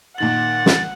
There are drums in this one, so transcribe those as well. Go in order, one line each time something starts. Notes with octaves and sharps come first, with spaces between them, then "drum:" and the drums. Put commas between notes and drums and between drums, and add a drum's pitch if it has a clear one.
A#2 D#3 F#5 A6 F#7
drum: snare